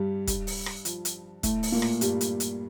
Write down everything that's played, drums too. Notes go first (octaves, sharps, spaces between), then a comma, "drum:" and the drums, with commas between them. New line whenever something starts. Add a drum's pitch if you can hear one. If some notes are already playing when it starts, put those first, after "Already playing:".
Already playing: G2 G3
G2 G3, drum: kick, hi-hat
drum: open hi-hat
drum: rim click
F3, drum: hi-hat
drum: hi-hat
A2 A3, drum: kick, hi-hat
drum: open hi-hat
A#2 A#3
drum: rim click
G2 G3, drum: hi-hat
drum: hi-hat
drum: hi-hat